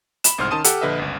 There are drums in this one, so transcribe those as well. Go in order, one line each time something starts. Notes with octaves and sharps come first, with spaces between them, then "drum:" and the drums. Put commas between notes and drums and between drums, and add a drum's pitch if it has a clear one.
B5 E7, drum: hi-hat
G1 C2 G#2 C5 C6 F6
D#3 C#4 A5 C6 D#6 D#7
G4 A4 F#5, drum: hi-hat
A#1 D3 B4 D#5 E5
G1 C#2